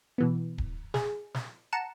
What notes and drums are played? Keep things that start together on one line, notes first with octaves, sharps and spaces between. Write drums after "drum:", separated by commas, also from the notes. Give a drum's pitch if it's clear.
B2 E3 B3
drum: kick D1
G#4, drum: snare
drum: snare
F#5 A5 A#5 C#7 E7